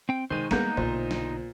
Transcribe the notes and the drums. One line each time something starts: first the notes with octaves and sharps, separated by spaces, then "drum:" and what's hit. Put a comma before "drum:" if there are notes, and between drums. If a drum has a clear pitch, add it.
C4 G5
C3 D#3 F#3 G#3 C5 D#7
D#3 G3 G#3 A#3 B3 D#4 A#5 G6, drum: snare
B1 A#2 D3 C5, drum: tom A#2
drum: snare